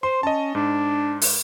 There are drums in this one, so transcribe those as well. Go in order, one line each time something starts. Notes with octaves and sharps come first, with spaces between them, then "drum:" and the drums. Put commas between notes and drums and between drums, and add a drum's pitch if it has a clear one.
C5 C6
C#4 D#5 A5
G#2 D4
drum: open hi-hat